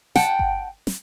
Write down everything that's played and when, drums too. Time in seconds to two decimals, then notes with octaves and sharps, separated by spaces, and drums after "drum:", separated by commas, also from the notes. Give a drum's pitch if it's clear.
0.16 F#5 G5 A5, drum: snare
0.39 drum: kick G1
0.87 drum: snare